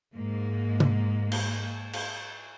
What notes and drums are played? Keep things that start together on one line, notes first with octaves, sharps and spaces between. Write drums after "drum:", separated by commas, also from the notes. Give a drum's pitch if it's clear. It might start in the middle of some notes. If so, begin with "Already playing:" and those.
G#2 G#3 A#3
drum: tom C3
drum: cymbal
drum: cymbal